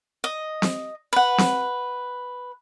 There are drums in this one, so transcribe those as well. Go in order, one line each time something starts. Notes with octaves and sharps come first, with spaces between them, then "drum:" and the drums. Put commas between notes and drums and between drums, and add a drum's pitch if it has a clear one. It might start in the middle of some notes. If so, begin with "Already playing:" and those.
D#5
drum: snare C4
B4 F#5
drum: snare C4